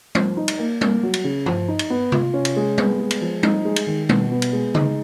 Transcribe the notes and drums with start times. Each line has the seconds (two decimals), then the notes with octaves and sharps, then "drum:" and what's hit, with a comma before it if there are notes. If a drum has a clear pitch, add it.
0.15 F3, drum: tom G3
0.37 D#4
0.48 drum: cymbal
0.59 A#3
0.81 A#3, drum: tom G3
1.03 F#3
1.13 drum: cymbal
1.24 C#3
1.46 F3, drum: tom G2
1.68 D#4
1.79 drum: cymbal
1.90 B3
2.12 F4, drum: tom C3
2.34 C#4
2.45 drum: cymbal
2.56 G#3
2.78 B3, drum: tom G3
3.00 G#3
3.11 drum: cymbal
3.21 F3
3.43 D#4, drum: tom G3
3.65 G#3
3.76 drum: cymbal
3.87 D#3
4.09 B2, drum: tom G3
4.32 B3
4.42 drum: cymbal
4.53 G#3
4.74 D#4, drum: tom C#3